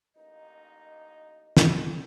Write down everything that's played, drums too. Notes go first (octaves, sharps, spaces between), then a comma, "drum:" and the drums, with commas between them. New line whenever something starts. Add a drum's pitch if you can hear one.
A1 A#3 D#4 D#5
drum: snare